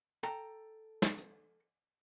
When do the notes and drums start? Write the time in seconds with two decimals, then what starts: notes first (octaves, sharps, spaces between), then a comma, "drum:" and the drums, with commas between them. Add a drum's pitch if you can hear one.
0.23 A4 G5 A#5
1.02 drum: snare
1.17 drum: hi-hat